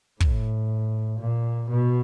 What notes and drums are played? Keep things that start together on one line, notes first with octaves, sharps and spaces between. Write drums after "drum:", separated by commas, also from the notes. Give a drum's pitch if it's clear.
A2, drum: kick
A#2
B2